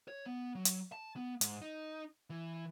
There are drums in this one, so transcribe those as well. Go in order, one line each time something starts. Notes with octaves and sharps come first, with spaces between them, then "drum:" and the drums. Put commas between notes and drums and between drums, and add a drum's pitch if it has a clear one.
C#5
B3
F#3
drum: hi-hat
A5
B3
G#2, drum: hi-hat
D#4
E3